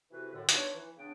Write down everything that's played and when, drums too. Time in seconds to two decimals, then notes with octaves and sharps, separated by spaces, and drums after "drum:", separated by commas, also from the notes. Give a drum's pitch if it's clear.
0.11 C3 E3 F#4 A4 B4
0.33 F#2 A2 D3
0.49 B3 D4 D#4 F4 C#5, drum: hi-hat
0.74 E3
0.97 C#3 B3 D4 G5